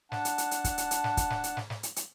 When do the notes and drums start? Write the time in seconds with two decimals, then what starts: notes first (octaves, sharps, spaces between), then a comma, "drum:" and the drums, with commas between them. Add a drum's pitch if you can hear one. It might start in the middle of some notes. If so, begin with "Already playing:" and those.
0.12 D4 F#5 A5, drum: snare
0.25 drum: hi-hat
0.38 drum: hi-hat
0.51 drum: hi-hat
0.64 drum: kick, hi-hat
0.78 drum: hi-hat
0.91 drum: hi-hat
1.04 drum: snare
1.17 drum: kick, hi-hat
1.30 drum: snare
1.44 drum: hi-hat
1.57 drum: snare
1.70 drum: snare
1.83 drum: hi-hat
1.96 drum: hi-hat